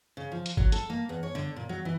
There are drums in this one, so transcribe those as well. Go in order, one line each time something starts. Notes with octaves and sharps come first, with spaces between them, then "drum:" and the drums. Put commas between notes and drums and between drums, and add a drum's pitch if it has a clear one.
C#3
F3
drum: hi-hat
F#3, drum: kick G1
A4, drum: hi-hat
A#3
E2
C#5
D3
A#2
F#3
E3